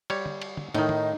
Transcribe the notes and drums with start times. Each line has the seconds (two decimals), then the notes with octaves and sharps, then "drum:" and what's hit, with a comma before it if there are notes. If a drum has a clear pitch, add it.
0.10 G3 C#5, drum: cymbal
0.26 drum: tom
0.41 drum: cymbal
0.57 drum: tom
0.75 A2 D#3 D#4 D#5, drum: cymbal
0.89 drum: tom